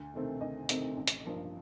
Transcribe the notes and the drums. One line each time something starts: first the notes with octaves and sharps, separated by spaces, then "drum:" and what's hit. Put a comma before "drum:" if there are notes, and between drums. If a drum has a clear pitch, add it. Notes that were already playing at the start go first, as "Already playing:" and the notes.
Already playing: D2
C3 D#3 A3 C4
D2 D#5
C3 D#3 A3 C4, drum: hi-hat
A1
drum: hi-hat
G2 F3 A#3